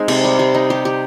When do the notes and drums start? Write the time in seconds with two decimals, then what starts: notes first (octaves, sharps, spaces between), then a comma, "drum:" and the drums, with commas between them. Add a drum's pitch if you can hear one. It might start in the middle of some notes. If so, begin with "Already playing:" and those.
Already playing: G#3 C4 D#4
0.08 C3, drum: cymbal
0.24 G3
0.39 G3
0.54 D#4
0.70 G4
0.85 G4